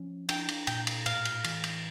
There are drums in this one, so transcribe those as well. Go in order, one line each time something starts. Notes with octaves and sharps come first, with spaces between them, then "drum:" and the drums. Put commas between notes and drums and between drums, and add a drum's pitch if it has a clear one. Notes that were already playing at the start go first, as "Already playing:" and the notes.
Already playing: F3 C#4
D4 G5, drum: cymbal
drum: cymbal
A#2 G5, drum: cymbal
drum: cymbal
A2 F5, drum: cymbal
drum: cymbal
E3, drum: cymbal
drum: cymbal